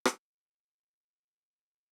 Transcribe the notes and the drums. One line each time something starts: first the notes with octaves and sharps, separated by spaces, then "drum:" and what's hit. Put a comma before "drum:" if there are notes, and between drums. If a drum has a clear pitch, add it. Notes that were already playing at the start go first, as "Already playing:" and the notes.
drum: rim click
C#3 F3 D4
C#4 F5 F#5 A#5
F4 A5 B5 D6 E6
G3 F5
A3 E4 A#4 C5